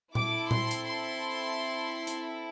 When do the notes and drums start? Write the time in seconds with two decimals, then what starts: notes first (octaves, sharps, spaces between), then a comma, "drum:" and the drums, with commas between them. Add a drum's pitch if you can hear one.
0.15 C4 E4 A4 D6, drum: tom A#2
0.51 C6, drum: tom A#2
0.71 drum: hi-hat
0.86 C6
2.07 drum: hi-hat